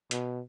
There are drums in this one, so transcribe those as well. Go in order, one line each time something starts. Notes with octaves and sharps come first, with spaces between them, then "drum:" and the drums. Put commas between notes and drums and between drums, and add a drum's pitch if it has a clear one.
B2, drum: hi-hat